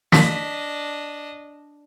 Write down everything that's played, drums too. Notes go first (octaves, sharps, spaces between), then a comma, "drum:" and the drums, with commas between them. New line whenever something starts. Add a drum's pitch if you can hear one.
D4 D#5 B6, drum: snare